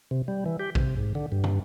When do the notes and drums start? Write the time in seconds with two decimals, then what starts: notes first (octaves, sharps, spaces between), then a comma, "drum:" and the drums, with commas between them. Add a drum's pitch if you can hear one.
0.11 C3
0.28 G3
0.46 E3
0.59 G4
0.75 C3, drum: kick A#1
0.97 G#2
1.15 D3
1.32 G2
1.44 drum: tom